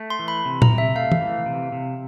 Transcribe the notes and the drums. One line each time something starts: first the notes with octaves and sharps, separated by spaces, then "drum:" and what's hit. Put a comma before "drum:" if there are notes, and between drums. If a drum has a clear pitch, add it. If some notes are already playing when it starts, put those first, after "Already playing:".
Already playing: A3
C6
E3
B5
C3
A#5, drum: tom A#2
C3
E5
A3 F5
drum: tom
E3
C3
C3